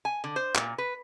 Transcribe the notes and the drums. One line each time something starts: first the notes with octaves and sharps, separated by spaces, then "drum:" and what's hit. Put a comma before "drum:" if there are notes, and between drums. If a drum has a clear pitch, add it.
G#5
D3
C5
A#2, drum: clap
B4